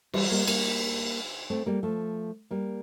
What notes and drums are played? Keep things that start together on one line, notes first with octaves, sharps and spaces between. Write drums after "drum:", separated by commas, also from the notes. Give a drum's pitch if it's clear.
E3 G3, drum: cymbal
G3 A#3
G3 A#3, drum: cymbal
A3 C4
G3 A#3
F3 A3
G3 A#3